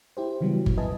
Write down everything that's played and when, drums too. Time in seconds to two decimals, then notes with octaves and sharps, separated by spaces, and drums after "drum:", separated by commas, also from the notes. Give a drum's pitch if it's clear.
0.17 E4 G4 C5
0.41 C#3 E3 F#3 G3 B3
0.66 drum: kick G1
0.77 E4 B4 D#5 G#5 A5